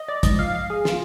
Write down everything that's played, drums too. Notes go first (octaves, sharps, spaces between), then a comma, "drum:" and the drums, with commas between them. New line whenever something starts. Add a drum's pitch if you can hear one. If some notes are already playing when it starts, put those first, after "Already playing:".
Already playing: D#5
D5
G#2 F3 D#5, drum: kick, hi-hat
F5
F5
G#4
F4, drum: snare